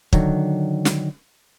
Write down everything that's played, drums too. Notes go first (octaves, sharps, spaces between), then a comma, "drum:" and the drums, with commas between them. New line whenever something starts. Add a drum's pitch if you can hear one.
D3 D#3 F#3, drum: kick
drum: snare